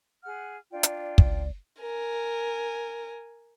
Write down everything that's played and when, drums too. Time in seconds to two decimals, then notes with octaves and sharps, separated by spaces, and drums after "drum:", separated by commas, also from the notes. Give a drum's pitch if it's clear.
0.25 G#4 F#5 F6
0.73 D4 F4 D5 G5
0.83 drum: hi-hat
1.18 C#2, drum: kick
1.80 A#4 G#5